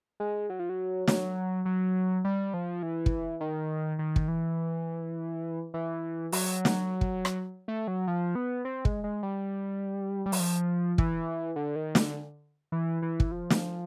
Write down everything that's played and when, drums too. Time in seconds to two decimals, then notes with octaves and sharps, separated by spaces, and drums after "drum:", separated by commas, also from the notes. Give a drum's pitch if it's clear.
0.20 G#3
0.50 F#3
0.59 F3
0.69 F#3
1.08 F#3, drum: snare
1.65 F#3
2.24 G3
2.54 F3
2.83 E3
3.06 drum: kick
3.41 D#3
3.99 D#3
4.16 drum: kick
4.28 E3
5.74 E3
6.32 F#3, drum: open hi-hat
6.65 drum: snare
7.01 drum: kick
7.25 drum: rim click
7.68 A3
7.88 F#3
8.07 F3
8.35 B3
8.65 C4
8.85 G#3, drum: kick
9.04 G#3
9.23 G3
10.26 G3
10.32 F#3, drum: open hi-hat
10.40 F3
10.98 E3, drum: kick
11.56 D3
11.76 D#3
11.95 D3, drum: snare
12.72 E3
13.02 E3
13.20 drum: kick
13.31 F3
13.50 drum: snare